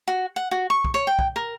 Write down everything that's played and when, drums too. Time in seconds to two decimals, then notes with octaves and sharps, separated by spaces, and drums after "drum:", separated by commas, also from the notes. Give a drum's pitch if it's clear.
0.08 F#4
0.36 F#5
0.51 F#4
0.70 C#6
0.85 drum: kick
0.94 C#5
1.07 G5
1.19 drum: kick
1.36 A#4